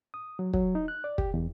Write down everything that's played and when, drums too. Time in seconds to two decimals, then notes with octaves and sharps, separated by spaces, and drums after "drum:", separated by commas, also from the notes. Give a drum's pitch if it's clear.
0.14 D#6
0.39 F#3
0.53 F#3, drum: kick
0.75 D#4
0.88 F#6
1.04 D5
1.18 G4, drum: kick
1.34 E2